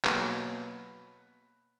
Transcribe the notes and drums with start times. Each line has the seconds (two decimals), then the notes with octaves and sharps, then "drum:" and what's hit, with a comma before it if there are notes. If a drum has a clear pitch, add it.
0.04 B2 F#3 A#3 B4, drum: clap